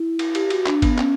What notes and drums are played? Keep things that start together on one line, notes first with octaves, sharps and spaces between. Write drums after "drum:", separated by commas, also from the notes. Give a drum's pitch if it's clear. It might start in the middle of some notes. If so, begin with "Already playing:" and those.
Already playing: E4
drum: cymbal
G4, drum: cymbal
F#4, drum: cymbal
D4, drum: clap
B3, drum: kick, cymbal
C#4, drum: clap